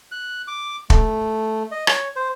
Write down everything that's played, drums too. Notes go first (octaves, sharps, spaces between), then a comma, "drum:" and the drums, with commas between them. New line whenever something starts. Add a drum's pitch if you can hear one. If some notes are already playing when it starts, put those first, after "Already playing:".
F#6
D6
A3, drum: kick
D#5
C#5, drum: rim click
C5